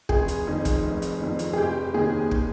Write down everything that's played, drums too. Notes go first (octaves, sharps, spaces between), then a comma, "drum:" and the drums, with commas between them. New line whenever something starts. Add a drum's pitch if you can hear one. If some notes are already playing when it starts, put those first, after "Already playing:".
F1 G#4, drum: kick
drum: hi-hat
F2 D#3
drum: kick, hi-hat
F1
drum: hi-hat
F2 D#3
drum: hi-hat
G#4
F1 G4
D#2 D#3 G#4
drum: kick